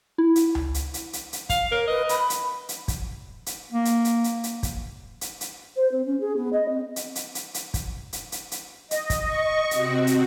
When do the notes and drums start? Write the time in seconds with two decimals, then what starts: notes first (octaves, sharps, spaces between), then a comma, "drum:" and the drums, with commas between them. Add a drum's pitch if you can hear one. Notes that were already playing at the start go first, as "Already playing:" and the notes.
0.18 E4
0.36 drum: hi-hat
0.55 drum: tom C#2
0.74 drum: hi-hat
0.94 drum: hi-hat
1.13 drum: hi-hat
1.33 drum: hi-hat
1.49 F5, drum: kick, hi-hat
1.72 A#4 C#5
1.87 B4 D#5
2.09 B5, drum: hi-hat
2.30 drum: hi-hat
2.69 drum: hi-hat
2.88 drum: kick, hi-hat
3.46 drum: hi-hat
3.72 A#3
3.85 drum: hi-hat
4.05 drum: hi-hat
4.24 drum: hi-hat
4.44 drum: hi-hat
4.63 drum: kick, hi-hat
5.21 drum: hi-hat
5.41 drum: hi-hat
5.76 C5
5.91 C4
6.06 C#4
6.20 G#4
6.36 B3
6.53 D#5
6.69 C4
6.96 drum: hi-hat
7.15 drum: hi-hat
7.35 drum: hi-hat
7.54 drum: hi-hat
7.74 drum: kick, hi-hat
8.13 drum: hi-hat
8.32 drum: hi-hat
8.51 drum: hi-hat
8.91 D#5, drum: hi-hat
9.10 drum: kick, hi-hat
9.26 C#6
9.71 C3 C4 F#4, drum: hi-hat
10.07 drum: hi-hat